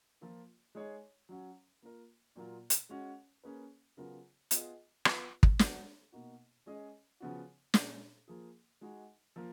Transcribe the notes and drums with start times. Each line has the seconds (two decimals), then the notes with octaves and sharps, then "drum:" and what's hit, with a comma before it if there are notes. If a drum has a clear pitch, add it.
0.21 F3 A#3 F4
0.75 G#3 D#4 G#4 C#5
1.29 F#3 C#4 F#4
1.82 A#3 F4 A#4
2.36 A#2 F#3 A#3 F4
2.70 drum: hi-hat
2.89 G#3 C#4 F#4
3.44 A#3 C#4 G#4 B4
3.97 C#3 F#3 B3 F4 A#4
4.51 B3 F4 G#4 D#5, drum: hi-hat
5.05 B3 F4 B4, drum: rim click
5.43 drum: kick
5.59 F#3 B3 F#4, drum: snare
6.12 B2 A#3 D#4 F#4
6.66 G#3 C#4 G#4 D#5
7.20 C#3 F3 B3 F#4
7.74 A#2 G#3 C#4, drum: snare
8.28 F3 A#3 F4 G#4
8.81 G#3 D#4 F#4
9.36 F3 A#3 F4